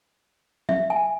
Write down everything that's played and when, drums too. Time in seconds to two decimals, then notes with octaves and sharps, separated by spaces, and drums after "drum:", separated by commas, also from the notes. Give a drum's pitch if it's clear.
0.69 E5, drum: tom
0.90 G#5